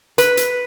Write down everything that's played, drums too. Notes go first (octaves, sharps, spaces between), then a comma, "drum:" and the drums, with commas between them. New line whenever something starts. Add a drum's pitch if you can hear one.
B4, drum: hi-hat
drum: hi-hat